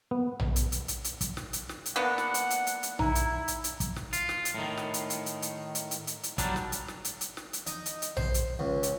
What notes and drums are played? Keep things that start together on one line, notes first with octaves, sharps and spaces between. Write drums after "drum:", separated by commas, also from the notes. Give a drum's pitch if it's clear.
B3
drum: tom A#1
drum: hi-hat
drum: hi-hat
drum: hi-hat
drum: hi-hat
drum: kick, hi-hat
drum: snare
drum: hi-hat
drum: snare
drum: hi-hat
A#3 B3 D4 F#5
drum: snare
drum: hi-hat
drum: hi-hat
drum: hi-hat
drum: hi-hat
D#4 E4 A#5, drum: tom A#1
drum: hi-hat
drum: hi-hat
drum: hi-hat
drum: kick, hi-hat
drum: snare
F4, drum: hi-hat
drum: snare
drum: hi-hat
A2 D#3
drum: snare
drum: hi-hat
drum: hi-hat
drum: hi-hat
drum: hi-hat
drum: hi-hat
drum: hi-hat
drum: hi-hat
drum: hi-hat
F#3 G3 D4, drum: kick, hi-hat
drum: snare
drum: hi-hat
drum: snare
drum: hi-hat
drum: hi-hat
drum: snare
drum: hi-hat
D#4, drum: hi-hat
drum: hi-hat
drum: hi-hat
C5, drum: tom A#1
drum: hi-hat
C#2
drum: hi-hat